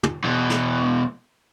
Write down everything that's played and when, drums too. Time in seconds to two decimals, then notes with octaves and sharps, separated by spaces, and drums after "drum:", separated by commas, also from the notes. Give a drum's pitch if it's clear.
0.03 drum: tom
0.24 E2 B2
0.50 drum: snare